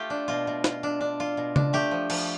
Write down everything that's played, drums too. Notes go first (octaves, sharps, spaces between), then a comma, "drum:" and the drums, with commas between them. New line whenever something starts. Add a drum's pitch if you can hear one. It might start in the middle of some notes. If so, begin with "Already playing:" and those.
Already playing: A3 F4 G4 A4
D4
B2 F4
B2
F4, drum: snare
D4
D4
F4
B2
D4, drum: tom C#3
A3 G4
F3
F3, drum: cymbal